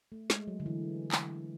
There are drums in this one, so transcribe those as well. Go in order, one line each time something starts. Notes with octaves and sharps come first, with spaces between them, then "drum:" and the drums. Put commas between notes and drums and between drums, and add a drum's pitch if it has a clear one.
A3
G#3, drum: snare
F#3
D3
E3
drum: clap